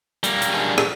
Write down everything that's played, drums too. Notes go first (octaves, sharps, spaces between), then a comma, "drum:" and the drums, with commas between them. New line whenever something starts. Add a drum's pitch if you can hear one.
G3 A#3, drum: hi-hat
drum: hi-hat
D4 G#4
drum: rim click